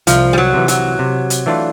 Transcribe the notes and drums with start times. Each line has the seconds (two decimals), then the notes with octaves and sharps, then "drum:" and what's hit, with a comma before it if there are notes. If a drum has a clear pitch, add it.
0.07 C2 F3, drum: hi-hat
0.33 G3
0.38 F#3
0.54 C3 E3
0.68 F#3, drum: hi-hat
0.99 C3
1.30 drum: hi-hat
1.46 E3 A3 D4 F4